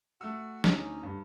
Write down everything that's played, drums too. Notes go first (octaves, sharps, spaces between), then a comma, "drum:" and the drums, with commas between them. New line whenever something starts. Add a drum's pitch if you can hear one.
A3 F#4 E6
D2 C#4 D#4, drum: snare
G2